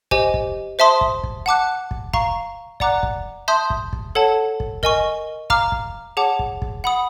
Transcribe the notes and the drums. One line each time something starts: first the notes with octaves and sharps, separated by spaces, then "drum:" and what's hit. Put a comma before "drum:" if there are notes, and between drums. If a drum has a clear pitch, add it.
G4 C5 D#5 G#5, drum: kick
drum: kick
C5 E5 A5 C6 D#6
drum: kick
drum: kick
F#5 A5 D6 F#6
drum: kick
F5 A#5 C#6, drum: kick
D5 F#5 A#5 D6 F#6, drum: kick
drum: kick
E5 A5 C6 D#6 G6
drum: kick
drum: kick
A4 C#5 F#5 A5
drum: kick
A#4 D#5 G#5 C#6, drum: kick
F5 A#5 D6 F6, drum: kick
drum: kick
G#4 C#5 F#5 A5 D6
drum: kick
drum: kick
F#5 B5 D#6